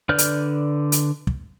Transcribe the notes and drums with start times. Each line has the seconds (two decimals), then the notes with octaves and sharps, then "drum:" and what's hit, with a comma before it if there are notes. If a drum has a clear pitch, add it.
0.09 D3 B4 D5 F6 G6
0.18 drum: hi-hat
0.92 drum: hi-hat
1.27 drum: kick